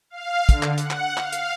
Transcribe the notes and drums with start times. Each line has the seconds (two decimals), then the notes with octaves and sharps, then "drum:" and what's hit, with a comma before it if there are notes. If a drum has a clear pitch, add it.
0.10 F5
0.49 D3, drum: kick, hi-hat
0.63 drum: clap
0.78 F#5, drum: hi-hat
0.91 drum: clap
1.17 F5, drum: clap
1.33 drum: hi-hat